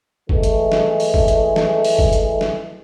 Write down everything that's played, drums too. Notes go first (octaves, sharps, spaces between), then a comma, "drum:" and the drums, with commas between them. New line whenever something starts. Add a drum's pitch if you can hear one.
E3 G#3 A3, drum: kick G1
drum: hi-hat
drum: snare
drum: open hi-hat
drum: kick G1
drum: hi-hat
drum: snare
drum: open hi-hat
drum: kick G1
drum: hi-hat
drum: snare